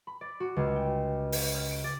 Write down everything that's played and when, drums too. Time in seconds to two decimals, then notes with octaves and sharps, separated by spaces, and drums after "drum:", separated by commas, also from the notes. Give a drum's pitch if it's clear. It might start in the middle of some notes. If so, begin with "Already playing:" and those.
0.07 B5
0.21 D5
0.40 F#4
0.56 C#2
0.76 G5
1.32 drum: open hi-hat
1.55 F6
1.71 D7
1.84 D5